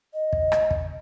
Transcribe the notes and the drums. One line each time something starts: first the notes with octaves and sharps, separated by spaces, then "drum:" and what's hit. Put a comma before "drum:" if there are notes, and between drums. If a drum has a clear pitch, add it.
D#5
drum: kick
drum: rim click
drum: kick